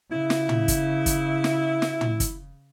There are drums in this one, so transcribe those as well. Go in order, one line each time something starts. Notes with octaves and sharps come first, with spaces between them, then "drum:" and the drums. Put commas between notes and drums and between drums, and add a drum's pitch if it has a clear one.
C#3 E4
drum: snare
drum: tom
drum: kick, hi-hat
drum: kick, hi-hat
drum: snare
drum: snare
drum: tom
drum: kick, hi-hat